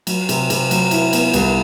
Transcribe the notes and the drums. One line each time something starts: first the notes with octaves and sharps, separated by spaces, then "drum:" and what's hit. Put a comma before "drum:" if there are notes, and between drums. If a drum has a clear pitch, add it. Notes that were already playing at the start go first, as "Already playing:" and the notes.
F#3, drum: cymbal
C3, drum: cymbal
C3, drum: cymbal
F#3, drum: cymbal
E4, drum: cymbal
B3, drum: cymbal
C2, drum: cymbal